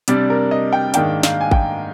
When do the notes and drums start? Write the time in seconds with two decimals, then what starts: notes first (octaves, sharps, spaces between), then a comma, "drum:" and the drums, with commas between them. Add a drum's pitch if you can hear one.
0.08 C3 G3 D4 D5, drum: hi-hat
0.30 A#4
0.51 D#5
0.73 G5
0.94 G#2 D#3 A#3 D4 G5, drum: hi-hat
1.23 F5, drum: snare
1.41 G#5
1.51 G5, drum: kick A1